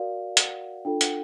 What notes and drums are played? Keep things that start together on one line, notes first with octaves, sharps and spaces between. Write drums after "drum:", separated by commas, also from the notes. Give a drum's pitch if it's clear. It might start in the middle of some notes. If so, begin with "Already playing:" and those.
Already playing: F#4 A#4 D5 F5
F#5, drum: hi-hat
D4 F4 A4 G5
F#5, drum: hi-hat